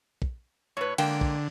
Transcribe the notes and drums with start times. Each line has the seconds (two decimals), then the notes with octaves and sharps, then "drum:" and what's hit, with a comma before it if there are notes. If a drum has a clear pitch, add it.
0.22 drum: kick
0.77 A2 B4 C#5
0.98 D3 G#3 A#3 G5, drum: cymbal
1.21 drum: kick